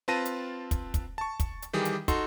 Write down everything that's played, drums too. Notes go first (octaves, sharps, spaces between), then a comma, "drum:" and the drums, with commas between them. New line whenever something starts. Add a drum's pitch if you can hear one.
C4 F4 B4 A5 A#6 D#7
drum: hi-hat
drum: kick, hi-hat
drum: kick, hi-hat
A5 C#6
drum: kick, hi-hat
drum: hi-hat
D#3 E3 G3 G4 G#4
drum: hi-hat
D#4 F#4 A4 C6, drum: kick, hi-hat